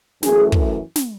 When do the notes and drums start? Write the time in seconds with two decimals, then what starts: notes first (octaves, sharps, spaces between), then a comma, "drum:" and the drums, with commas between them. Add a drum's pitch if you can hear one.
0.23 F#2 E3 A3 G#4, drum: snare
0.52 drum: kick
0.96 drum: snare